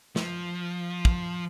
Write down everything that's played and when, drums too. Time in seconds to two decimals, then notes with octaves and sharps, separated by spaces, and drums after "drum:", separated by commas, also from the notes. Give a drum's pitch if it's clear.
0.16 F3, drum: snare
1.05 drum: kick